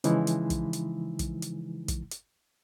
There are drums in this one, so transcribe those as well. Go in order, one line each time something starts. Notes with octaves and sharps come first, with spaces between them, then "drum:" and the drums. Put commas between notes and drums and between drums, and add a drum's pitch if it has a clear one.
C#3 E3 F3 G#3 D#4 E4, drum: hi-hat
drum: hi-hat
drum: kick, hi-hat
drum: hi-hat
drum: kick, hi-hat
drum: hi-hat
drum: kick, hi-hat
drum: hi-hat